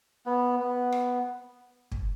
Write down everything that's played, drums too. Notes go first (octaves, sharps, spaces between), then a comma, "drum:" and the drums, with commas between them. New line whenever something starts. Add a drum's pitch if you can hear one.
B3
B3
drum: rim click
drum: kick